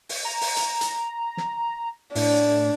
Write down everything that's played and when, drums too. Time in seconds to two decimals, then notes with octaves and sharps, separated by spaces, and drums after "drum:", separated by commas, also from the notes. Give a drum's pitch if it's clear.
0.09 drum: open hi-hat
0.25 A#5
0.41 drum: open hi-hat
0.56 drum: hi-hat
0.81 drum: hi-hat
1.37 drum: snare
2.15 A2 D4, drum: open hi-hat